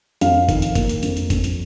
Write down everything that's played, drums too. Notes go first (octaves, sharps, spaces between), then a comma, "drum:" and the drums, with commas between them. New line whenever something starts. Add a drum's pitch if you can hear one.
F2 F5, drum: hi-hat
D#3, drum: kick, hi-hat
drum: hi-hat
A#3, drum: kick, hi-hat
drum: hi-hat
F2, drum: hi-hat
drum: hi-hat
F2, drum: kick, hi-hat
drum: hi-hat